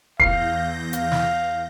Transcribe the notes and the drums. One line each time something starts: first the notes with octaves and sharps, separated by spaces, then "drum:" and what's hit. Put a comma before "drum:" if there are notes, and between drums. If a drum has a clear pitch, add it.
E2 F5 G6 A#6 C7, drum: kick
F5, drum: hi-hat
drum: snare